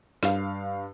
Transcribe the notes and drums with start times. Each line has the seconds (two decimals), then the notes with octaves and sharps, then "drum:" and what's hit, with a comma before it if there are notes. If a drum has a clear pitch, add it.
0.23 G2 F5, drum: snare